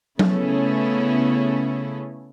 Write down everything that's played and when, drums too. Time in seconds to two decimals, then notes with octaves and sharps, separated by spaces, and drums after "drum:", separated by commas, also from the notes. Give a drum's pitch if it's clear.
0.19 C#3 A3 B3 C#4 E4, drum: tom F#3